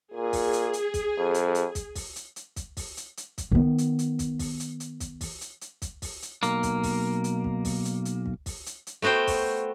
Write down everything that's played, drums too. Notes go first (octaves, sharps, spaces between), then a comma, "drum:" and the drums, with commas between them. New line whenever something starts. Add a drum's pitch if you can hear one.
A#2 G#4
drum: kick, open hi-hat
drum: hi-hat
drum: hi-hat
drum: kick, hi-hat
F2
drum: hi-hat
drum: hi-hat
drum: kick, hi-hat
drum: kick, open hi-hat
drum: hi-hat
drum: hi-hat
drum: kick, hi-hat
drum: kick, open hi-hat
drum: hi-hat
drum: hi-hat
drum: kick, hi-hat
D#3 B3
drum: hi-hat
drum: hi-hat
drum: kick, hi-hat
drum: kick, open hi-hat
drum: hi-hat
drum: hi-hat
drum: kick, hi-hat
drum: kick, open hi-hat
drum: hi-hat
drum: hi-hat
drum: kick, hi-hat
drum: kick, open hi-hat
drum: hi-hat
B1 A#3, drum: hi-hat
drum: kick, hi-hat
drum: kick, open hi-hat
drum: hi-hat
drum: kick
drum: kick, open hi-hat
drum: hi-hat
drum: hi-hat
drum: kick
drum: kick, open hi-hat
drum: hi-hat
drum: hi-hat
A3 B3 F#4 C5 G5
drum: kick, open hi-hat